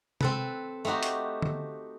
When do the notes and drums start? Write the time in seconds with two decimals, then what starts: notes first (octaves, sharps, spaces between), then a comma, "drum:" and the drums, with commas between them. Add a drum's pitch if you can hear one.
0.21 C4 A4 B4, drum: tom C3
0.85 A3 C4 D#4 F#4 G4
1.03 drum: hi-hat
1.42 drum: tom D3